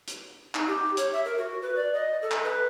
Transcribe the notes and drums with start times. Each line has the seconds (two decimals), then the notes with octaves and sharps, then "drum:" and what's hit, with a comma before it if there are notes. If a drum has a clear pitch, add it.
0.07 drum: hi-hat
0.55 D#4, drum: clap
0.67 G4
0.97 C#5, drum: hi-hat
1.12 E5
1.25 A#4
1.38 F#4
1.62 B4
1.76 D5
1.94 D#5
2.22 A4
2.31 drum: clap
2.44 B4